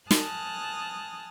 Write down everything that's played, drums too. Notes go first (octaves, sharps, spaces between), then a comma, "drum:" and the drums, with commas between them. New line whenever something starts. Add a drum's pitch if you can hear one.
G#5 A5 D#6 F6 F#6, drum: snare